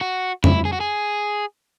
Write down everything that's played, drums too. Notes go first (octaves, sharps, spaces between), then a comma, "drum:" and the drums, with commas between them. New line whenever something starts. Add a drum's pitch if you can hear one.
F#4
E4, drum: tom
G#4
F#4
G#4